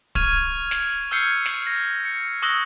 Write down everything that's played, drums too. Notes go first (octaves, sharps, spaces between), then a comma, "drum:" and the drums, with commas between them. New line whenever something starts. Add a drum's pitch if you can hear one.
C#6 F6 G#6 D#7 F7, drum: kick D1
drum: snare
E6 F6 G6 G#6 C7 C#7, drum: hi-hat
drum: snare
A#6
C#7
C#6 D#6 E6 F#6 A#6